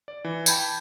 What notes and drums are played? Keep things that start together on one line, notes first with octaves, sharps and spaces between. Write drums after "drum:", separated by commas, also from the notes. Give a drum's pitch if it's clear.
D5
E3
G5 A5 B5 G6 G#6, drum: tambourine